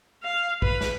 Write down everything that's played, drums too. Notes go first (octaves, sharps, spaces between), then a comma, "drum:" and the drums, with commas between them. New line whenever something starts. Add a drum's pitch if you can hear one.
F5
B4, drum: kick
drum: snare